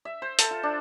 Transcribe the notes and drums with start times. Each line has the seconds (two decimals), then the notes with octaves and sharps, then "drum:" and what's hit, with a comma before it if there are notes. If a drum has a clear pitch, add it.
0.05 E5
0.22 C5
0.39 A4, drum: hi-hat
0.51 F4
0.63 D4